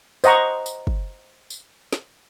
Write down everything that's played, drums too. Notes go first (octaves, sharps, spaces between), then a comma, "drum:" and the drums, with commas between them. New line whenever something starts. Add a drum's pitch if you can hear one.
C5 D#5 F#5 A#5 C#6, drum: tambourine
drum: tambourine
drum: kick
drum: tambourine
drum: snare